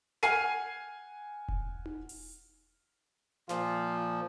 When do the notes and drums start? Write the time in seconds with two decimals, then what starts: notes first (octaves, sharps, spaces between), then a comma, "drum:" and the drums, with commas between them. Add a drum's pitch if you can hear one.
0.23 F#5 G#5 F6 C7 D#7, drum: snare
1.48 drum: kick E1
1.86 drum: tom D#4
2.09 drum: open hi-hat
3.49 A#2 F3 F4, drum: snare